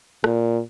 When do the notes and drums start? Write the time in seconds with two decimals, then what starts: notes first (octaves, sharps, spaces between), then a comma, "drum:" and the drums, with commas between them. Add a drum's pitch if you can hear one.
0.24 A#2, drum: rim click